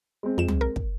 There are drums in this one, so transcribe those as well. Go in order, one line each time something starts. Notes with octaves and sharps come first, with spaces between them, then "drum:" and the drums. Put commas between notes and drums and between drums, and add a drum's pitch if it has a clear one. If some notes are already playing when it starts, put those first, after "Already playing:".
G#3 C4
F2 E7
drum: tom
A#4
drum: kick